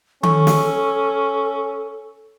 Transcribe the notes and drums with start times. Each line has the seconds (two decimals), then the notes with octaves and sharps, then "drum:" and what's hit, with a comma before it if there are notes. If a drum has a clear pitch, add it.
0.23 C#4 A4 C#6, drum: tom D#3
0.47 drum: snare